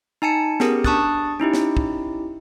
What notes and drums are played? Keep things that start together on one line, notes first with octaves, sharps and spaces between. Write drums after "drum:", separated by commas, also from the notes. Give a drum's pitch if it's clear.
D#4 G#5 A5 C#7
B3 C#4 G4 G#4 A#4, drum: snare
D4 A5 C#6 D#6 F#6 A6, drum: kick
C#4 D#4 E4 G4
drum: snare
drum: kick